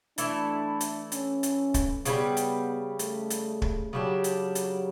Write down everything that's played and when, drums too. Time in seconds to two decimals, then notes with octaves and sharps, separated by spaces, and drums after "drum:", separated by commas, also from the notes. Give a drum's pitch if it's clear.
0.18 E3 A3 D4 E4 A4, drum: hi-hat
0.81 drum: hi-hat
1.12 C#4, drum: hi-hat
1.43 drum: hi-hat
1.74 drum: kick, hi-hat
2.05 C#3 E3 G3 B3, drum: hi-hat
2.37 drum: hi-hat
2.99 A3, drum: hi-hat
3.31 drum: hi-hat
3.62 drum: kick
3.93 C#3 F#3 G3 D4 G4
4.24 drum: hi-hat
4.55 drum: hi-hat